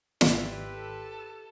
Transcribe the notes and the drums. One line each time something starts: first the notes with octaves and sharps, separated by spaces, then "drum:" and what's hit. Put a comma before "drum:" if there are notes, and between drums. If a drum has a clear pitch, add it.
G#1 E4 G4 B4 D5 C6 E6, drum: snare
A4